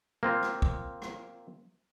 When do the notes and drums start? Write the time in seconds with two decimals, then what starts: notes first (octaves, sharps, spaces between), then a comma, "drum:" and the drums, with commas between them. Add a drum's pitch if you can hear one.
0.23 A#3 C4 F4
0.43 drum: rim click
0.62 drum: kick
1.02 drum: rim click